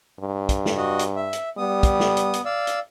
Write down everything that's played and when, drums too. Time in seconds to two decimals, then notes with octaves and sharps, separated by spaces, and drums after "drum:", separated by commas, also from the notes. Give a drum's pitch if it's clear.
0.20 G2
0.49 drum: kick, hi-hat
0.66 drum: snare
0.77 F#4 D#5
0.99 drum: hi-hat
1.16 E5
1.33 drum: hi-hat
1.58 G3 B3 D#6
1.83 drum: kick, hi-hat
2.00 drum: snare
2.17 drum: hi-hat
2.34 drum: hi-hat
2.45 D5 F5 E6
2.67 drum: hi-hat